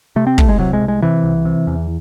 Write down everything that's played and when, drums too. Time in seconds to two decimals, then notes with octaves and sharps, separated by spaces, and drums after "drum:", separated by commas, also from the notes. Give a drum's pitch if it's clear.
0.16 C3 A3
0.27 C4
0.38 C2 A3, drum: kick
0.49 G#3
0.59 C3 F#3
0.73 G#3
0.82 C2
0.88 G#3
1.02 C3 E3
1.24 C2
1.45 C3
1.67 E2